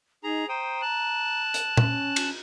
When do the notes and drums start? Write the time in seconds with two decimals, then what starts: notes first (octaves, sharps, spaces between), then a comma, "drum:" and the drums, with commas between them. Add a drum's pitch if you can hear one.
0.24 D#4 G#4 A#5
0.49 C5 G5 A#5 D#6
0.82 A5 F#6
1.54 drum: hi-hat
1.77 C#4, drum: tom A#2
2.16 drum: cymbal